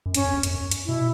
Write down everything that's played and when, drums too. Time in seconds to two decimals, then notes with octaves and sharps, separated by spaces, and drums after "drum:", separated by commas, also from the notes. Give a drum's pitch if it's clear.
0.06 F#2
0.14 G2 C#4, drum: hi-hat
0.24 F2
0.34 E2
0.43 F#2, drum: hi-hat
0.71 drum: hi-hat
0.86 B2 E4